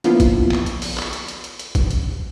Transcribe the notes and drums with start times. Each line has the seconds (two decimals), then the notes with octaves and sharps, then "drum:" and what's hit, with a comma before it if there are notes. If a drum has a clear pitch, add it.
0.04 D3 F3 A#3 B3 E4 F4, drum: hi-hat
0.20 drum: kick, hi-hat
0.51 drum: clap
0.66 drum: hi-hat
0.82 drum: open hi-hat
0.97 drum: clap
1.13 drum: hi-hat
1.28 drum: hi-hat
1.44 drum: hi-hat
1.59 drum: hi-hat
1.75 drum: kick, hi-hat
1.90 drum: hi-hat